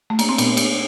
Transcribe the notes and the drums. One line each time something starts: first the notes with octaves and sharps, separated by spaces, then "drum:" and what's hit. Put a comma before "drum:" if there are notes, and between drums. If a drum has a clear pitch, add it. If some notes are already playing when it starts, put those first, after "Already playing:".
A3
A#3, drum: cymbal
C4
A#2 B3, drum: cymbal
drum: cymbal